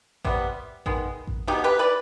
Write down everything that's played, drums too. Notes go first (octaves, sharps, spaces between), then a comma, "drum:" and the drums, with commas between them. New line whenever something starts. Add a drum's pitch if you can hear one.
C3 G3 B3, drum: kick A1
D#3 G#3 B3, drum: kick A1
drum: kick A1
B2 G#3 B3 D#4 G4
G4 B4
B4 D5